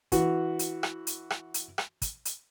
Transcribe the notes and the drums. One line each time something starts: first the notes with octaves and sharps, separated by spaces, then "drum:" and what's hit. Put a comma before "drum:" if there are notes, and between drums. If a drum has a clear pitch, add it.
E3 F#4, drum: kick, hi-hat
drum: hi-hat
drum: rim click
drum: hi-hat
drum: rim click
drum: hi-hat
drum: rim click
drum: kick, hi-hat
drum: hi-hat